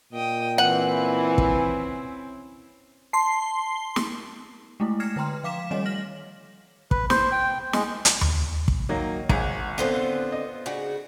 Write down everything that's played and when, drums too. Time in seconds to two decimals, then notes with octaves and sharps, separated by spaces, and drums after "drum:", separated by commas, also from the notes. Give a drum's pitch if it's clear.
0.13 A#2 D#5 G5 D#6
0.58 E3 C4 C#4 E4 F#5
1.38 drum: kick
3.13 A5 C6 C7
3.96 drum: snare
4.80 G#3 A3 E4
5.00 F6 G#6 A#6 C7 C#7 E7
5.16 D3 B4 G5 A#5 C6 F6
5.44 F3 F5 D6 B6 E7
5.71 D#3 G3 A3 C#5 D#5 E7
5.85 F6 A#6 F#7
6.91 B4, drum: kick
7.10 C5, drum: snare
7.32 G5
7.73 G#3, drum: snare
8.05 drum: hi-hat
8.21 drum: tom D#2
8.68 drum: kick
8.89 D#3 F#3 A#3 D#5
9.29 G#1 F#4 G#4, drum: kick
9.78 D3 B3 C4 F4 C5
10.32 D#5
10.66 C#3 D4 F#4